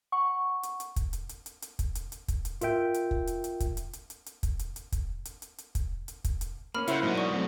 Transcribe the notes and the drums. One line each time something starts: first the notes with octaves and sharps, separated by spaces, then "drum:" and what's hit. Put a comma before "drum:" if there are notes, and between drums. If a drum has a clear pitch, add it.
F#5 C#6
drum: hi-hat
drum: hi-hat
drum: kick, hi-hat
drum: hi-hat
drum: hi-hat
drum: hi-hat
drum: hi-hat
drum: kick, hi-hat
drum: hi-hat
drum: hi-hat
drum: kick, hi-hat
drum: hi-hat
F4 A#4 E5 G5, drum: hi-hat
drum: hi-hat
drum: kick
drum: hi-hat
drum: hi-hat
drum: kick, hi-hat
drum: hi-hat
drum: hi-hat
drum: hi-hat
drum: hi-hat
drum: kick, hi-hat
drum: hi-hat
drum: hi-hat
drum: kick, hi-hat
drum: hi-hat
drum: hi-hat
drum: hi-hat
drum: kick, hi-hat
drum: hi-hat
drum: kick, hi-hat
drum: hi-hat
A#3 C4 C#4 B5 F6
C#3 E4 C5 F#5 F6, drum: hi-hat
G#2 B2 F#3 A#3 D#4
D5 C#6 D#6
F#3 A3 C4